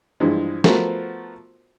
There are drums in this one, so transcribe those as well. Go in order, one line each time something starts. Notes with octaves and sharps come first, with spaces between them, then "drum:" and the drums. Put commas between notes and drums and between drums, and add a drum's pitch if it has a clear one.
G2 E3 F3 G#3
F3 A3 B3 F#4 A#4 C5, drum: snare